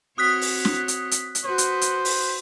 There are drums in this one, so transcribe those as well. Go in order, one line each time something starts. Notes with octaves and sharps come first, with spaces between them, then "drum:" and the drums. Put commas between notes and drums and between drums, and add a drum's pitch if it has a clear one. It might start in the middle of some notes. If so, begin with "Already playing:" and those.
C4 F#4 C#5 D#6 F#6 B6
drum: open hi-hat
drum: snare
drum: hi-hat
drum: hi-hat
drum: hi-hat
F#4 B4 C5
drum: hi-hat
drum: hi-hat
drum: open hi-hat